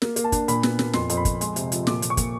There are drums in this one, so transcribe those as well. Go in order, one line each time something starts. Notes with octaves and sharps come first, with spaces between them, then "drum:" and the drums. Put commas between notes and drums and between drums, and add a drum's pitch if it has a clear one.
A#3, drum: snare
A#3, drum: hi-hat
A5
D4, drum: kick, hi-hat
A#2 B5, drum: hi-hat
B3, drum: snare
A#2, drum: snare
F2 C6, drum: snare
F2, drum: hi-hat
B5
F2, drum: kick, hi-hat
G#3 C6, drum: hi-hat
C3, drum: hi-hat
F3, drum: hi-hat
A#2 D6, drum: snare
A#2, drum: hi-hat
C#6
A#2, drum: kick, hi-hat